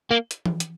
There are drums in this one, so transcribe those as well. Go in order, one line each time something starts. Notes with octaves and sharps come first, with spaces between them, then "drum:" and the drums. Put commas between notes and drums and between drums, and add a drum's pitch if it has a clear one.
A#3
drum: hi-hat
drum: tom E3
drum: hi-hat